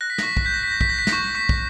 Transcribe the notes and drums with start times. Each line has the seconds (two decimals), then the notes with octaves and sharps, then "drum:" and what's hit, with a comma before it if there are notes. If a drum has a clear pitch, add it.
0.01 F#6 A#6
0.10 B6
0.18 A#6, drum: snare
0.23 C#6 B6
0.37 A#6, drum: kick
0.45 G6 B6
0.54 A#6
0.63 B6
0.68 G6 A#6
0.81 B6, drum: kick
0.89 G6 A#6
0.99 B6
1.07 A#6, drum: snare
1.13 C#6
1.35 C#6 B6
1.49 drum: kick